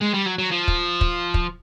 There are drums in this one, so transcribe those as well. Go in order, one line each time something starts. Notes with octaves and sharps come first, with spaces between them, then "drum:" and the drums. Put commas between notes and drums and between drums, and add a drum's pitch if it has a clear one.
G#3
G3
F#3
F#3
F3
drum: kick
drum: kick
drum: kick